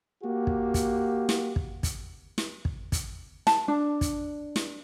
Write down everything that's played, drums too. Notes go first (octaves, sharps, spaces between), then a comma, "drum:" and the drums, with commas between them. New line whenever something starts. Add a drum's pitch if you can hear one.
A#3 F#4 G4
drum: kick
drum: kick, hi-hat
drum: snare
drum: kick
drum: kick, hi-hat
drum: snare
drum: kick
drum: kick, hi-hat
A5, drum: snare
D4
drum: kick, hi-hat
drum: snare